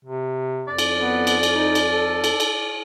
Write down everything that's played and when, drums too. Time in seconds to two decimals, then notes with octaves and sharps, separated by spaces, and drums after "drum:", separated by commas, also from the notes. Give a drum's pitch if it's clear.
0.05 C3
0.68 F2 D5
0.78 drum: cymbal
0.99 B3
1.27 drum: cymbal
1.43 drum: cymbal
1.53 D#4
1.75 drum: cymbal
1.91 A4
2.24 drum: cymbal
2.40 drum: cymbal